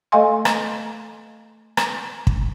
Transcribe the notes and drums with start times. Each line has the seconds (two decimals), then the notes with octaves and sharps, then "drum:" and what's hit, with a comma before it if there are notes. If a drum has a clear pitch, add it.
0.12 A3 A4 D#5 F5 G#5 C6
0.45 drum: rim click
1.77 drum: rim click
2.27 drum: kick